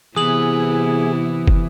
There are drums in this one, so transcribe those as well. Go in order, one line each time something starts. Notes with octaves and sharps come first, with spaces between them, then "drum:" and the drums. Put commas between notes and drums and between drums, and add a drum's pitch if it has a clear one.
C3 E3 B3 E4 G#4 D#6 F#7
drum: kick